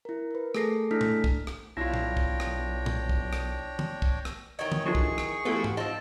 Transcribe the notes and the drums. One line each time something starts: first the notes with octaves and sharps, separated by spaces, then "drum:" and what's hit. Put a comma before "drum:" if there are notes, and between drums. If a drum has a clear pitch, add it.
E4 A#4
A#4 B4
A3 G#4 A4 A#6 C7, drum: rim click
A3 D4 E4 A4 F6 B6
drum: tom A#2
drum: kick
drum: rim click
B1 D4 E4 F4 C#5 G5 A#6
drum: tom A#2
drum: kick
drum: rim click
drum: tom A#2
drum: kick
drum: rim click
drum: tom
drum: kick
drum: rim click
D#3 E3 C#5 D#5
drum: tom
D3 F3 F#3 G#4 C#6
drum: kick
drum: rim click
E3 F3 A3 B3 F#4 G4
drum: tom G#2
F3 C4 D#4 A5